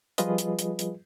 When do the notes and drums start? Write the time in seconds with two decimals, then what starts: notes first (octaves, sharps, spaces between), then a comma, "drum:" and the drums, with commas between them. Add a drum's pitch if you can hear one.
0.18 F3 G3 F4 G#4 B4 D#5, drum: hi-hat
0.38 drum: hi-hat
0.59 drum: hi-hat
0.79 drum: hi-hat